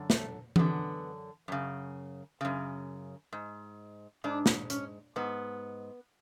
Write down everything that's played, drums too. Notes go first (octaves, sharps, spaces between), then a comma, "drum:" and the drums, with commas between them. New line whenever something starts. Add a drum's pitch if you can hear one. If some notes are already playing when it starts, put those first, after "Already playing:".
Already playing: F#2 D3
A3, drum: snare
F#2 D3 B3, drum: tom E3
F#2 C#3
F#2 C#3
G#2
G#2 D4
drum: snare
C#4, drum: hi-hat
G#2 B3